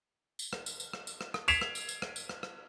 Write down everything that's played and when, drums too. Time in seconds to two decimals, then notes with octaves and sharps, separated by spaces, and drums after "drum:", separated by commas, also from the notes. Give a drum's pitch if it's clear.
0.39 drum: tambourine
0.53 drum: rim click
0.66 drum: tambourine
0.80 drum: tambourine
0.93 drum: rim click
1.07 drum: tambourine
1.21 drum: rim click
1.34 drum: rim click
1.48 G#6 B6 C7 D7 E7 F7, drum: tambourine
1.61 drum: rim click
1.75 drum: tambourine
1.89 drum: tambourine
2.02 drum: rim click
2.16 drum: tambourine
2.29 drum: rim click
2.43 drum: rim click